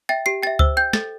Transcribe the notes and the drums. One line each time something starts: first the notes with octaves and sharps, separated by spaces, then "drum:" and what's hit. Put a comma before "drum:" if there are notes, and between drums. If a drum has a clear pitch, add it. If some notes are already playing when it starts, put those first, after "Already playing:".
E5 G5 A6
G4 C7
E5 G5 A6
C5 E6, drum: kick C#2
G5 G6
A4 A6, drum: snare